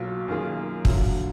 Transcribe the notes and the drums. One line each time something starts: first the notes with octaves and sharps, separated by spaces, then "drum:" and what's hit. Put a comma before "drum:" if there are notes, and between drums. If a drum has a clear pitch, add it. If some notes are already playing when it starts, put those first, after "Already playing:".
Already playing: B1 B2 F#3 A#3 F4
F#2 D#3 A#3 F4 G#4
D2 D3 F#3 A#3, drum: kick